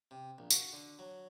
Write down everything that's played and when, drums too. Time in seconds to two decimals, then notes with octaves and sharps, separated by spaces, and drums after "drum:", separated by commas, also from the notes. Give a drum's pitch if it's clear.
0.11 C3
0.38 A#1
0.50 F#4, drum: tambourine
0.73 D3
0.99 F#3